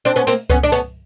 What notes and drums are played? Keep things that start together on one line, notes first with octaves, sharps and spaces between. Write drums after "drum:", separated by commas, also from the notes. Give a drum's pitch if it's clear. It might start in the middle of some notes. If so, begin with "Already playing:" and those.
C4 D4
B3 C#4
A#3 C4, drum: hi-hat
B3 C#4, drum: kick C#2
D4
B3 C#4, drum: hi-hat